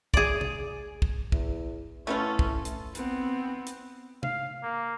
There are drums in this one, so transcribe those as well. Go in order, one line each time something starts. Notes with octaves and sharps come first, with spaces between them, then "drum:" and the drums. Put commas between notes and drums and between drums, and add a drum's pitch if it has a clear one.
G#4 D5, drum: kick
drum: tom C3
drum: kick
E2, drum: kick
A2 A3 B3 C#4 F4 A4
drum: kick
drum: hi-hat
B3 C4, drum: hi-hat
drum: hi-hat
F5, drum: tom C3
A#3